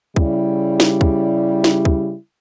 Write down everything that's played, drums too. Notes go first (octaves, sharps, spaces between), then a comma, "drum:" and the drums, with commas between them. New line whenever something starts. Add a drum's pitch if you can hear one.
C#3 G3 E4, drum: kick
drum: snare
drum: kick
drum: snare
drum: kick